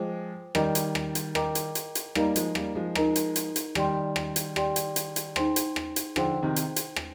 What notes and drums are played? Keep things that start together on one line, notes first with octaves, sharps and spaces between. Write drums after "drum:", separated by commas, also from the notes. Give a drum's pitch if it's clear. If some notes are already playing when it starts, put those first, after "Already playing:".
Already playing: F3 G#3 C5 G5 D6
D#3 G3 A#4 D#5 G5 A#5 D6, drum: rim click
drum: hi-hat
drum: rim click
drum: hi-hat
A#4 D#5 G5 A#5 D6, drum: rim click
drum: hi-hat
drum: hi-hat
drum: hi-hat
G3 A#3 D#4 A#4 D#5 A#5, drum: rim click
F3 G#3, drum: hi-hat
G3 A#3, drum: rim click
F3 G#3
D#4 A#4 D#5 A#5, drum: rim click
drum: hi-hat
drum: hi-hat
drum: hi-hat
D#3 G3 G4 D5 G5 C6, drum: rim click
drum: rim click
drum: hi-hat
G4 D5 G5 C6, drum: rim click
drum: hi-hat
drum: hi-hat
drum: hi-hat
D#4 G#4 C5 G5 C6, drum: rim click
drum: hi-hat
drum: rim click
drum: hi-hat
D3 F3 D#4 G#4 C5 G5 C6, drum: rim click
C3 D#3
drum: hi-hat
drum: hi-hat
drum: rim click